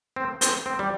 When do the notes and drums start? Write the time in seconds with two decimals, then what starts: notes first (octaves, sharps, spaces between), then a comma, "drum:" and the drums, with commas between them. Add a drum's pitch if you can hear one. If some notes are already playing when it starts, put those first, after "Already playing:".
0.16 C4
0.41 C4, drum: hi-hat
0.66 C4
0.79 G3